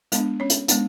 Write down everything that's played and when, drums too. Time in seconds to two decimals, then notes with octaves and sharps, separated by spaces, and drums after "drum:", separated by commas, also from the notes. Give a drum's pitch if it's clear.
0.12 G#3 B3 D4, drum: hi-hat
0.40 C#4 C#5
0.50 drum: hi-hat
0.68 G#3 B3 D4, drum: hi-hat